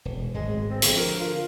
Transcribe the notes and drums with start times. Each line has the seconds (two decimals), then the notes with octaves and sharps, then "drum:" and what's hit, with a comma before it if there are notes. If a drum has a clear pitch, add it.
0.05 E1
0.34 D1 G#1 G#3
0.70 C4
0.82 D3 F3, drum: hi-hat
0.97 A#4
1.20 F4